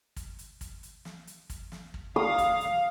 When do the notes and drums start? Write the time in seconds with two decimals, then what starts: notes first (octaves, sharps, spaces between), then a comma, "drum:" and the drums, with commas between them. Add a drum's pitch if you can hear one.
0.16 drum: kick, hi-hat
0.39 drum: hi-hat
0.61 drum: kick, hi-hat
0.83 drum: hi-hat
1.05 drum: snare
1.27 drum: hi-hat
1.50 drum: kick, hi-hat
1.72 drum: snare
1.94 drum: kick
2.16 F5 D#6
2.38 drum: kick, hi-hat
2.60 drum: hi-hat